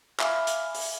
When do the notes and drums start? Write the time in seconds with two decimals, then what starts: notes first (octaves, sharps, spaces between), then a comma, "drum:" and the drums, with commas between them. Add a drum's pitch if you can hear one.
0.20 E5 F5 G#5 B5 D6 F6, drum: clap
0.47 drum: hi-hat
0.75 drum: open hi-hat